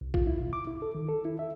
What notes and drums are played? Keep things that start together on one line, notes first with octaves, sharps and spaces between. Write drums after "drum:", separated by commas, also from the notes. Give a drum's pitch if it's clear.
C2
F4, drum: kick A#1
E4
B2
D6
E4
A4
D#3
A4
E4
E5